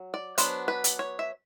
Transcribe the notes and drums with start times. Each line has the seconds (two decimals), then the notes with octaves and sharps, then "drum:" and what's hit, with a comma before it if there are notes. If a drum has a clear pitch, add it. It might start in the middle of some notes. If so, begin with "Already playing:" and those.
Already playing: F#3
0.14 D5
0.38 F#3 B3 D4 C5, drum: hi-hat
0.68 B4
0.84 drum: hi-hat
0.99 C#5
1.19 E5